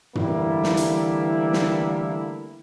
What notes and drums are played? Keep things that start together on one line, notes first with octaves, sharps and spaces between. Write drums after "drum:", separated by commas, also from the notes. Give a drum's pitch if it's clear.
D3 E3 G3 A3 A#3 E4, drum: tom
drum: snare
drum: hi-hat
drum: snare